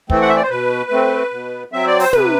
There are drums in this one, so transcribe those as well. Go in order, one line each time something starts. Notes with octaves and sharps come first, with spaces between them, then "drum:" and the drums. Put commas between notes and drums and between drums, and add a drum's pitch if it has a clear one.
E3 A3 C4, drum: kick
F#5
E5
D5
C5
B2 B4
A3 C4
B2
F#3 C4 E5
D5
C5, drum: open hi-hat
C3 B4, drum: tom